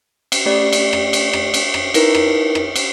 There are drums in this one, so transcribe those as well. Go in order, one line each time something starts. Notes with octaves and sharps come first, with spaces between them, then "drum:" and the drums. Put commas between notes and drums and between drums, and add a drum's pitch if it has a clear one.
drum: cymbal
A3 C#4 G4 D5
drum: cymbal
drum: rim click
drum: cymbal
drum: rim click
drum: cymbal
drum: rim click
D#4 E4 A#4 B4, drum: cymbal
drum: rim click
drum: rim click
drum: cymbal